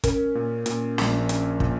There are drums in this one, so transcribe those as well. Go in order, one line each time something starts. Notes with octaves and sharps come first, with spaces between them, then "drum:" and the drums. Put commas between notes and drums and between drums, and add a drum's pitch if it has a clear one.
C#4 A#4, drum: kick, hi-hat
A#2
A#2, drum: hi-hat
A#1, drum: snare
C#4, drum: hi-hat
A#2, drum: kick